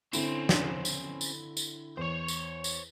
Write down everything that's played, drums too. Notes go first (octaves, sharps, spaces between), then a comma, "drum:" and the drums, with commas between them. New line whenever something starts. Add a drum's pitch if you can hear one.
D3 C4 C#4 E4 C5, drum: tambourine
drum: snare
drum: tambourine
drum: tambourine
drum: tambourine
E2 C5 C#5
drum: tambourine
drum: tambourine